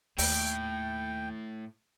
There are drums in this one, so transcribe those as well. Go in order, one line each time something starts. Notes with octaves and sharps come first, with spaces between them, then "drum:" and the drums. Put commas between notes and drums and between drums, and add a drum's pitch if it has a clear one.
D#2 A2 G5, drum: open hi-hat